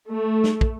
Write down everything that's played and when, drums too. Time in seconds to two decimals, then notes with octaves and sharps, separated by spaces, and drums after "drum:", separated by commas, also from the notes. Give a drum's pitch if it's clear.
0.09 A3
0.44 drum: snare
0.61 drum: kick